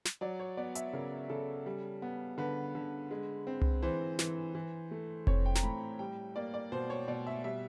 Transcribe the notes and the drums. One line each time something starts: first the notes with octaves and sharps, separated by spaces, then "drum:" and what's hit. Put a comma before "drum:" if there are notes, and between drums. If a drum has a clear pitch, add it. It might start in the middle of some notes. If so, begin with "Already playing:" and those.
drum: snare
F#3 D5
C#5
B3 D5
E5, drum: hi-hat
C#3 A#4
C#3 A4
G3
B3
D3 B4
D3
G#3
C4
drum: tom C2
E3 C5
E3, drum: snare
E3
A3
C4 C#5, drum: kick F1
G5
A#5, drum: snare
A2 B5
G3 G5
A#3 D5
D5
B2 C5
C#5
B2 D5
E5
G3 E5